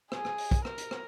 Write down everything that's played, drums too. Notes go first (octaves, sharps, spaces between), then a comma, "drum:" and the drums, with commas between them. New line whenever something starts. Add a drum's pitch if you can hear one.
G#4, drum: rim click
drum: rim click
drum: open hi-hat
drum: kick, hi-hat
A#4, drum: rim click
drum: hi-hat
drum: rim click